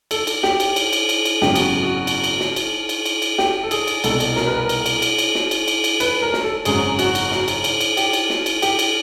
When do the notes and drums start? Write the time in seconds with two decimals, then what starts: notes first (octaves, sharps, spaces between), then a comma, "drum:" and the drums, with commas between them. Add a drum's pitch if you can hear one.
0.11 A4, drum: cymbal
0.27 drum: cymbal
0.43 G4, drum: snare
0.60 drum: cymbal
0.76 drum: cymbal
0.93 drum: cymbal
1.09 drum: cymbal
1.25 drum: cymbal
1.41 G#1 F#2 C#3 F#3 B3 G4, drum: snare
1.55 F#4, drum: cymbal
1.83 F#4
2.07 drum: cymbal
2.24 drum: cymbal
2.40 drum: snare
2.56 drum: cymbal
2.89 drum: cymbal
3.06 drum: cymbal
3.22 drum: cymbal
3.38 G4, drum: snare
3.63 A4
3.71 G#4, drum: cymbal
3.87 drum: cymbal
4.04 C2 B2 G3 A4, drum: cymbal
4.20 drum: cymbal
4.36 A#4, drum: snare
4.46 B4
4.56 A#4
4.69 drum: cymbal
4.86 drum: cymbal
5.02 drum: cymbal
5.18 drum: cymbal
5.35 drum: snare
5.51 drum: cymbal
5.68 drum: cymbal
5.84 drum: cymbal
6.00 B4, drum: cymbal
6.22 A#4
6.33 drum: snare
6.44 A4
6.65 G#1 F#2 C#3 F#3 G#4, drum: cymbal
6.99 F#4, drum: cymbal
7.15 drum: cymbal
7.31 drum: snare
7.48 drum: cymbal
7.64 drum: cymbal
7.81 drum: cymbal
7.97 G4, drum: cymbal
8.13 drum: cymbal
8.30 drum: snare
8.46 drum: cymbal
8.62 G4, drum: cymbal
8.79 drum: cymbal